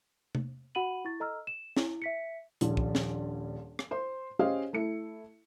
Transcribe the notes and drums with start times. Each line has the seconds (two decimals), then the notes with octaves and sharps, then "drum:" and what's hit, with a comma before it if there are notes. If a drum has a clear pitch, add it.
0.35 drum: tom C3
0.75 F#4 F#5 B5 D#7 F#7
1.05 E4 C#6 A6
1.20 A4 D#5 A#5 E6 F6
1.47 E7
1.77 E4, drum: snare
2.02 E5 B6 C#7
2.61 D#1 A#1 F3, drum: hi-hat
2.77 drum: kick
2.95 drum: snare
3.79 drum: rim click
3.91 C5 C6
4.39 C#4 G4 G#4 C5 D#5 F5
4.73 A3 E4 C#7